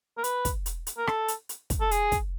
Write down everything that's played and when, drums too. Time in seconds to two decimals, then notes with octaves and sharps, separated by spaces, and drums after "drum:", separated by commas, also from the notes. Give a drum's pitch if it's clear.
0.18 A#4
0.24 B4, drum: hi-hat
0.45 drum: kick, hi-hat
0.66 drum: hi-hat
0.87 drum: hi-hat
0.98 A#4
1.07 A4, drum: rim click
1.28 drum: hi-hat
1.49 drum: hi-hat
1.70 drum: kick, hi-hat
1.81 A4
1.91 G#4, drum: hi-hat
2.12 drum: kick, hi-hat